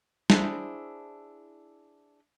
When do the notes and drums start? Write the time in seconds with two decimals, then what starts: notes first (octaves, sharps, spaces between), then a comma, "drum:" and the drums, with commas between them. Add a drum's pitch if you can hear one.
0.30 D4 E4 G#4 C5, drum: snare